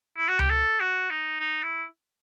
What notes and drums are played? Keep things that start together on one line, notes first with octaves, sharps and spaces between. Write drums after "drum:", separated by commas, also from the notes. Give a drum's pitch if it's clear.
E4
F#4
G4, drum: tom C#2
A4
F#4
D#4
D#4
E4